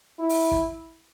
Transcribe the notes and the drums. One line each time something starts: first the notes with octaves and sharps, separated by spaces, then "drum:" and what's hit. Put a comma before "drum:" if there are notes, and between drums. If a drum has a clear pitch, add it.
E4
drum: open hi-hat
drum: kick